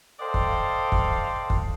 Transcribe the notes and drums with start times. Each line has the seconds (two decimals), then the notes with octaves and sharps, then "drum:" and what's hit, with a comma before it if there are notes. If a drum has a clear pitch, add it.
0.20 A4 C5 D5 D#5 F5 G5
0.34 drum: kick
0.92 drum: kick
1.50 drum: kick